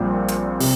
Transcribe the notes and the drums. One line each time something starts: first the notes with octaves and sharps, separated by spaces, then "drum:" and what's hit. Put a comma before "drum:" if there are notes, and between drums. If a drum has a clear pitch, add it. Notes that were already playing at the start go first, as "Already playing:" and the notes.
Already playing: A#1 A#2 G3 C4
drum: hi-hat
C3, drum: open hi-hat